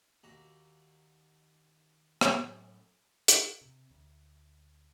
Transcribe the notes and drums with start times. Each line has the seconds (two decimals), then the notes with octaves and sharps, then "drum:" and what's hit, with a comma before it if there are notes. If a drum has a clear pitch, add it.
0.24 D#2 F#4 A#5
2.21 F#2 A2, drum: rim click
3.28 drum: hi-hat
3.61 C3
3.90 D2